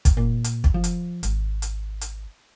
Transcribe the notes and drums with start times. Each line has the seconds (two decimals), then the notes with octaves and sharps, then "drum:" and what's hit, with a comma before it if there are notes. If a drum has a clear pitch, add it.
0.05 drum: kick, hi-hat
0.17 A#2
0.44 drum: hi-hat
0.64 drum: kick
0.74 F3
0.84 drum: hi-hat
1.23 G#1, drum: hi-hat
1.62 drum: hi-hat
2.01 drum: hi-hat